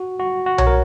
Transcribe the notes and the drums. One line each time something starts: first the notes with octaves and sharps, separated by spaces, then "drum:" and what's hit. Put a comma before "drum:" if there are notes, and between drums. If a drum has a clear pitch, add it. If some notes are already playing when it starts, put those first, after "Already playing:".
Already playing: F#4
F#4
F#4
C#5, drum: tom B1
A#4